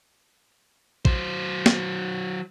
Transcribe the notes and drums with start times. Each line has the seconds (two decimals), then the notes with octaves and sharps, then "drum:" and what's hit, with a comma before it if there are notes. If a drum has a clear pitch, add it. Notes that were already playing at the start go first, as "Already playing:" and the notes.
1.05 F#3 C5, drum: kick
1.66 drum: snare